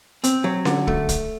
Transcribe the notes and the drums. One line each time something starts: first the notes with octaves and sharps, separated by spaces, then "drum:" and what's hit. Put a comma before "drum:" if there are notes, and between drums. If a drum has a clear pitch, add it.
C4, drum: hi-hat
F#3
D3, drum: snare C#4
A3, drum: kick
drum: kick, hi-hat